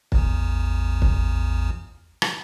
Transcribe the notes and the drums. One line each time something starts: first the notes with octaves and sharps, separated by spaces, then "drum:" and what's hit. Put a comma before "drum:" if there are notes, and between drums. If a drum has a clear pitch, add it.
A1 E2, drum: kick
drum: kick
drum: rim click